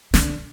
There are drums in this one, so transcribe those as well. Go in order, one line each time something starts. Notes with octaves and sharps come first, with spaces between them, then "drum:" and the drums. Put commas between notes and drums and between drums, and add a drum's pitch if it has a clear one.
D3, drum: snare